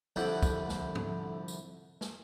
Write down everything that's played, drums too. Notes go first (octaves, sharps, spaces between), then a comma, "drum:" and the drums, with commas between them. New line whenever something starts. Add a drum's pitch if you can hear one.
C2 F2 D3 E4 F#5 G5
drum: kick, tambourine
drum: snare
drum: tom G#2
drum: tambourine
drum: snare